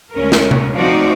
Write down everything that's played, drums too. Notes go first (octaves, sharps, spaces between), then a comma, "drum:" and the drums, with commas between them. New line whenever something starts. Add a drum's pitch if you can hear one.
D2 G#3 C#4 A#4
drum: snare
drum: tom C3
F3 A3 C4 D#4 F#4 D5